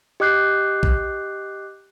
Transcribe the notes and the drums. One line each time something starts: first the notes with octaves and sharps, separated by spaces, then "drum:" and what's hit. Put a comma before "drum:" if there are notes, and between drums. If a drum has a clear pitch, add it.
G4 D#5 D6 F#6 G6 C7
drum: kick A#1